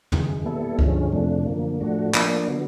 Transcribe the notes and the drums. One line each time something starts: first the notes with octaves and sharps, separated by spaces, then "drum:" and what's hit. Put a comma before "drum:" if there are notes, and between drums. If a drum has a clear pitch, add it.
F#2 C#3 E3 G#3, drum: tom
A#2 G3 B3 E4 A4
G2 D3 F3 G#3 C#4, drum: kick C#2
F2 C3 F3 A3 D4
F#2 D3 F3 A#3
A2 F3 A3 D4 F#4
F3 A#3 D4, drum: clap
D3 F#3 B3